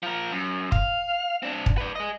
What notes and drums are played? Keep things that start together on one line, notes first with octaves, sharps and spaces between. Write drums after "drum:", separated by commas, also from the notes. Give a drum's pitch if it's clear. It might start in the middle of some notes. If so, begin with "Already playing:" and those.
F3 A#4
F#2
F5, drum: kick
C4 D4
drum: kick
B4 D5
G#4 D#5